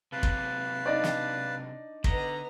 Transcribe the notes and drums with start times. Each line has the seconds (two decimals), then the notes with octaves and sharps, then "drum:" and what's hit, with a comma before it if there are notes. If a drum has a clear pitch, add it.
0.12 C3 F#3 B4 F5 A5
0.23 drum: kick
0.86 D4 D#4 D5
1.04 drum: snare
2.04 D3 B3 D#5 A#5, drum: kick